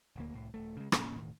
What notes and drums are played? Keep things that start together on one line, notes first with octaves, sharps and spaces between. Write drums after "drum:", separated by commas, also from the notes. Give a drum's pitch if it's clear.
D#1 D2 A#3
C2 A2
D#1 B1 A3
C#3 G#3
A2 A#3 C#4, drum: rim click
E1 A2 D#3